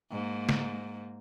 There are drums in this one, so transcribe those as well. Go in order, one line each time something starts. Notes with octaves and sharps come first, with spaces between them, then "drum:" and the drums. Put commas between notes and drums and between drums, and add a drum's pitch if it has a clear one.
G#2 A#3
drum: snare